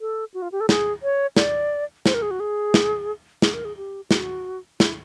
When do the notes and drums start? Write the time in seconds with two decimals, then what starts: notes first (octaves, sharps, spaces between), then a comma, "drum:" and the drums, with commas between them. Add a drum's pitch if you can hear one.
0.01 A4
0.34 F#4
0.42 F4
0.52 G4
0.61 A4
0.69 G#4, drum: snare
1.03 C#5
1.36 D5, drum: snare
2.06 C5, drum: snare
2.14 A#4
2.22 G#4
2.31 F#4
2.40 G#4
2.74 drum: snare
3.42 G#4, drum: snare
3.54 A#4
3.65 G#4
3.77 G4
4.11 F#4, drum: snare
4.80 E4, drum: snare